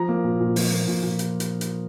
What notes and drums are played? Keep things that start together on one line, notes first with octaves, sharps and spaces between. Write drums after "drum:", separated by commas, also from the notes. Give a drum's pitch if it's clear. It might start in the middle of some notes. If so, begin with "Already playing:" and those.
Already playing: F3 A#5
A#3
A#2
A#2
F3, drum: open hi-hat
A#3
A#2
A#2
drum: hi-hat
drum: hi-hat
drum: hi-hat